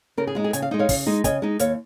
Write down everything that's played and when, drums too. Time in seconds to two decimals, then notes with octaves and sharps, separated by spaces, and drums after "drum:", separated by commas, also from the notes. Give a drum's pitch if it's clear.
0.17 C#3 A#4
0.27 G#4
0.35 G#3 D#4 F4
0.44 G#4
0.53 C#3 G#5, drum: hi-hat
0.62 F5
0.71 G#3 D#4 D#5
0.79 C#5 F5
0.89 C#3, drum: kick, open hi-hat
1.06 G#3 D#4
1.24 C#3 D#5 G#5, drum: kick, hi-hat
1.42 G#3 D#4
1.59 D#2 C#5 F5, drum: hi-hat